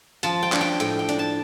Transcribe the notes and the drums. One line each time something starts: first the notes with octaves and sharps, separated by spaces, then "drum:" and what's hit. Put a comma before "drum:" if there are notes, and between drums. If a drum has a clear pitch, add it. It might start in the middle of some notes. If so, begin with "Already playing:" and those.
F3 A5, drum: hi-hat
G5
D4, drum: clap
G5
A2 G5, drum: hi-hat
G5
D4, drum: hi-hat
A5